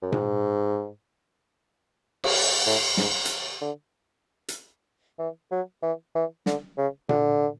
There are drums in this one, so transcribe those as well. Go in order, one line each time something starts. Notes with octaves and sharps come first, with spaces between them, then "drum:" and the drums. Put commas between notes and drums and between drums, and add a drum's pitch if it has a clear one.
F#2
G#2, drum: tom A#2
drum: cymbal
A2
G#2, drum: snare
drum: hi-hat
D3
drum: hi-hat
E3
F#3
E3
E3
D3, drum: snare
C#3
D3, drum: tom A#2